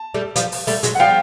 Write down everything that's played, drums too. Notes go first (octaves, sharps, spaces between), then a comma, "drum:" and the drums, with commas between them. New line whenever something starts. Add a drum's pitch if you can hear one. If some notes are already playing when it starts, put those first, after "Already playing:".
Already playing: A5
G3 A3
F3 G3, drum: hi-hat
drum: open hi-hat
G3 A3, drum: open hi-hat
F#3 G#3, drum: hi-hat
F#5
F3 G3 F5 G5